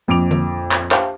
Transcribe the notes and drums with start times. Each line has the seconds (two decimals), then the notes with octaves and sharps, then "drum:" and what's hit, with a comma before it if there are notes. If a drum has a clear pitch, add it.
0.08 A#1 F2 F3 D6 D7 F7
0.31 drum: tom D3
0.71 drum: clap
0.91 G4 C5 E5 F5 G5 A5, drum: clap